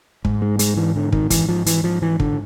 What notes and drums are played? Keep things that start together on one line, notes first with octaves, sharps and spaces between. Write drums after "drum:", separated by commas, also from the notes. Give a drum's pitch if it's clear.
G#2, drum: kick
G#3
G#3, drum: hi-hat
E3
D3
D#3, drum: kick
E3, drum: kick, hi-hat
F3
E3, drum: hi-hat
F3
E3
D3, drum: kick